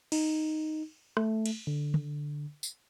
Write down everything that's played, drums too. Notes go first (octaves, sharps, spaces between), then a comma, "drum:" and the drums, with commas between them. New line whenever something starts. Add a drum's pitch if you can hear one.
D#4, drum: cymbal
A3, drum: rim click
drum: cymbal
D3
drum: tom D3
drum: tambourine